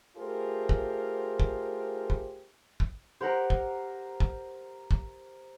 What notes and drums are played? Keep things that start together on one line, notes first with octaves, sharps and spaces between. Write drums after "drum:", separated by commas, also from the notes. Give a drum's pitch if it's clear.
A3 F4 G4 G#4 A#4 C5
drum: kick
drum: kick
drum: kick
drum: kick
G4 A#4 C5 F#5 A#5
drum: kick
drum: kick
drum: kick